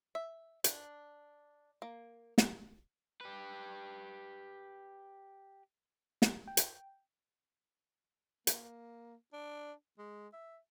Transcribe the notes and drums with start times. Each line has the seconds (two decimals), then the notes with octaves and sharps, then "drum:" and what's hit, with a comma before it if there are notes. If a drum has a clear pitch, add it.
0.15 E5
0.64 D4, drum: hi-hat
1.82 A#3
2.38 drum: snare
3.21 G4 B4
6.22 drum: snare
6.47 G5
6.57 drum: hi-hat
8.47 A#3, drum: hi-hat
9.33 D4
9.98 G#3
10.33 E5